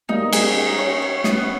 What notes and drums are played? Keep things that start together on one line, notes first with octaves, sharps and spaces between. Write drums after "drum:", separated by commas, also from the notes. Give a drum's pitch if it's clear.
G3 A#3 D#4
B3
G3 A#3 G#4, drum: cymbal
D#4
C#5
C#5
B3, drum: snare